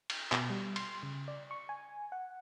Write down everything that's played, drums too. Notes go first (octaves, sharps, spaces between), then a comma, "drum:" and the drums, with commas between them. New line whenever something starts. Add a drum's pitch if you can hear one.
drum: cymbal
B2, drum: clap
G3
C6, drum: cymbal
C#3
D5
C#6
G#5
F#5